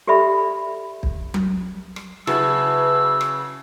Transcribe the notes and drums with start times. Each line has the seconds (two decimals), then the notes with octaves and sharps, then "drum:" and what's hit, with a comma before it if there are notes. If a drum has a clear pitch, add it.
0.07 G4 A4 D5 E5 B5
1.03 drum: kick
1.34 drum: tom F#3
1.96 drum: rim click
2.27 C#3 F#3 E4 B4 E5 A5 E6, drum: rim click
3.21 drum: rim click